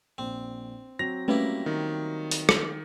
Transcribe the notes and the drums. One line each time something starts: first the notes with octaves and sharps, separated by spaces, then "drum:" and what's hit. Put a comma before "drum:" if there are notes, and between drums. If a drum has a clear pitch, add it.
A#1 C4
F#3 C4 A#6 F7
G3 A3 A#3 C#4 E4 B4
D#3
drum: open hi-hat
drum: rim click